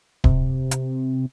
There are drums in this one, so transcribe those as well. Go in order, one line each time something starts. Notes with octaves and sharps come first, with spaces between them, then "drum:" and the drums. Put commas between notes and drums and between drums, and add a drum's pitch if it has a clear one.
C3, drum: kick D1
drum: hi-hat